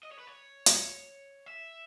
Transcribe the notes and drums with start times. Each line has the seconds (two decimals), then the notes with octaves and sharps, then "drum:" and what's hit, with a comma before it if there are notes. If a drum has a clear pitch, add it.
0.03 D#5
0.12 C#5
0.19 B4
0.27 C#5
0.66 drum: hi-hat
1.46 E5